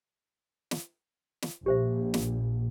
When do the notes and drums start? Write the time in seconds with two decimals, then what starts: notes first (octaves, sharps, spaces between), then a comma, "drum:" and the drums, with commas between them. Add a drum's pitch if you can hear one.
0.71 drum: snare
1.42 drum: snare
1.66 A#1 G4 C5 E5
2.14 drum: snare